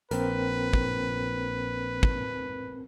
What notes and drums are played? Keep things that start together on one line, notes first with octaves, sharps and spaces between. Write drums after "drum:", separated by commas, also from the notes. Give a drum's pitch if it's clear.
A#1 C4 A#4 B4, drum: hi-hat
drum: kick
drum: kick